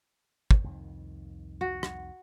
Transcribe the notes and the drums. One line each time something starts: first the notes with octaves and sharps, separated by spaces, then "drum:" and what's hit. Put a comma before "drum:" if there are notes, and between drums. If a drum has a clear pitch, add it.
drum: kick
C2 F2 D#3
F#4
drum: rim click